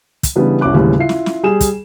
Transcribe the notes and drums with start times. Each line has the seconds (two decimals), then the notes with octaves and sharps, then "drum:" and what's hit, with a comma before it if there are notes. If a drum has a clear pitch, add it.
0.23 drum: kick, hi-hat
0.36 C#3 E3 G3 B3 D4 B4
0.61 C2 C#4 E4 D6 F#6
0.74 D#2 A2 C#3 E3 G3
0.99 E4 F4 C7
1.09 drum: snare
1.26 drum: snare
1.43 G3 G#4 E7
1.61 drum: kick, hi-hat